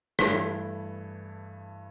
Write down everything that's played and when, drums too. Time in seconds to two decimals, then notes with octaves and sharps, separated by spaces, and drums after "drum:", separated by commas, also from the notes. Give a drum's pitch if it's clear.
0.19 G2 E3 A3 E4, drum: rim click